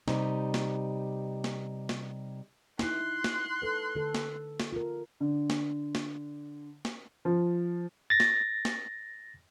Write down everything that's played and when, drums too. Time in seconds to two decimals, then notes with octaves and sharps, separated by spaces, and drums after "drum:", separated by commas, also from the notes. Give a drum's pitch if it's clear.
0.08 C3 G3 D#4, drum: snare
0.54 drum: snare
1.44 drum: snare
1.89 drum: snare
2.79 D#4 E4 C6 F#6, drum: snare
3.24 drum: snare
3.62 A4 B4
3.95 D3 A4
4.15 drum: snare
4.60 drum: snare
4.73 F4 A#4
5.20 D3
5.50 drum: snare
5.95 drum: snare
6.85 drum: snare
7.25 F3
8.10 A6 A#6
8.20 drum: snare
8.65 drum: snare